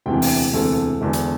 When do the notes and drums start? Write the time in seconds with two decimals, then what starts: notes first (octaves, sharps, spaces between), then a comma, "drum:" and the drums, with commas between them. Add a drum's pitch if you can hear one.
0.06 E1 D2 C3 E3 G5
0.22 drum: open hi-hat
0.53 E1 D2 C3 E3 A4
1.01 E1 E2 D3
1.13 drum: hi-hat